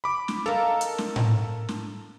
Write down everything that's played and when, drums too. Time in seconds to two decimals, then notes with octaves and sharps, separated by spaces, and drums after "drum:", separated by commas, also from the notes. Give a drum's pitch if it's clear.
0.04 B5 D6
0.28 drum: snare
0.46 A#3 D#4 A4 A#4
0.81 drum: hi-hat
0.98 drum: snare
1.16 drum: tom A2
1.69 drum: snare